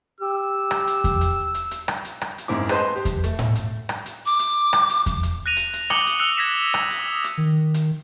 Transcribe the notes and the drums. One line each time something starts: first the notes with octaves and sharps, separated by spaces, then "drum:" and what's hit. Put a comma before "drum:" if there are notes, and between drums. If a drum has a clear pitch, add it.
G4 E6
drum: rim click
drum: hi-hat
drum: kick E2, hi-hat
drum: hi-hat
drum: hi-hat
drum: hi-hat
drum: rim click
drum: hi-hat
drum: rim click
drum: hi-hat
F#1 G#2 C#3 C4 E4 D6
G#4 B4 C5 D#5 A5 C6, drum: rim click
G4
drum: kick E2, hi-hat
A3, drum: hi-hat
drum: tom A2
drum: hi-hat
drum: rim click
drum: hi-hat
D6
drum: hi-hat
drum: rim click
drum: hi-hat
drum: kick E2, hi-hat
drum: hi-hat
F#6 A#6 D#7 F7
drum: hi-hat
drum: hi-hat
D6 D#6 C#7 F#7 G7, drum: rim click
drum: hi-hat
E6 F#6 C#7 F7 G7
G#6 A#6 B6 C#7 E7
drum: rim click
drum: hi-hat
D#6
drum: hi-hat
D#3
drum: hi-hat